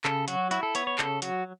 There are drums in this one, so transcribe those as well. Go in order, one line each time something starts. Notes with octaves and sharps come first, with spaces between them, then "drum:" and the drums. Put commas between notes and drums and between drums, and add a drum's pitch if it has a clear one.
C#3 A4, drum: clap
F#3 F#4, drum: hi-hat
E4 F#4, drum: hi-hat
A4
B3 C#5, drum: hi-hat
C#5
C#3 A4, drum: clap
F#3 F#4, drum: hi-hat